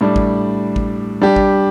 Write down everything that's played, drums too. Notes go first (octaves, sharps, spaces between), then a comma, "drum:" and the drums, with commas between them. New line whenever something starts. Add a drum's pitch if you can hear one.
A2 G3 D4
drum: kick G#1
drum: kick G#1
G3 D4 G4
drum: kick G#1